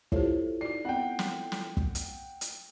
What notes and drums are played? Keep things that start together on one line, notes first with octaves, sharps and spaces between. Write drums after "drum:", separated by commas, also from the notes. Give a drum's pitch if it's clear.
E4 F4 G4 A4 C5 C#5, drum: kick
D#4 F#4 D5 C7
B3 C4 F#5 G5
drum: snare
drum: snare
drum: kick
drum: hi-hat
drum: hi-hat